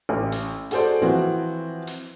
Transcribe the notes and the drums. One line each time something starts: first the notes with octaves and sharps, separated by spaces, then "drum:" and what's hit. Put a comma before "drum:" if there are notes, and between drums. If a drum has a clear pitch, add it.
A1
drum: hi-hat
F#4 G#4 A4 C5 D5, drum: hi-hat
E3 F3 C4 F#4
drum: hi-hat